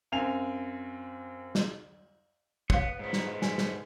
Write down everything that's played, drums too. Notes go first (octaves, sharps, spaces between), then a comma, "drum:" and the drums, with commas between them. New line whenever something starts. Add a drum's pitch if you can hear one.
F#2 C4 F5 G#5 F7
drum: snare
B3 C#5 F5, drum: kick
G#2 B3
drum: snare
G#5, drum: snare
drum: snare